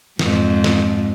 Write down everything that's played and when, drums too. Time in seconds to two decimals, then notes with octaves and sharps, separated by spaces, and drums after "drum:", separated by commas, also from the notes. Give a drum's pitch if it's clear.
0.19 F2 G#2, drum: snare
0.64 drum: snare